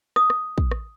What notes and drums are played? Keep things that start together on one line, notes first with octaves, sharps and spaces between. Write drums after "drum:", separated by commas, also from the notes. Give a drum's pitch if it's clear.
D#6, drum: rim click
drum: rim click
drum: kick
drum: rim click